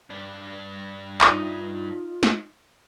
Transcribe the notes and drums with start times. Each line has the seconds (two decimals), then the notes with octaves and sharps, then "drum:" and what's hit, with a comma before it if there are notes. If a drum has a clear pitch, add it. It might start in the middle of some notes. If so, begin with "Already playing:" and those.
0.10 G2 D4
1.21 D#4 F4 D#5 E5, drum: clap
2.23 drum: snare